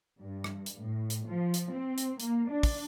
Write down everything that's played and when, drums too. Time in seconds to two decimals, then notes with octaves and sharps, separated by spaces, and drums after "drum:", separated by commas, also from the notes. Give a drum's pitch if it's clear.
0.19 G2
0.44 drum: rim click
0.66 drum: hi-hat
0.80 A2
1.10 drum: hi-hat
1.27 F3
1.54 drum: hi-hat
1.72 C4
1.98 drum: hi-hat
2.20 A#3, drum: hi-hat
2.50 D4
2.63 drum: kick, open hi-hat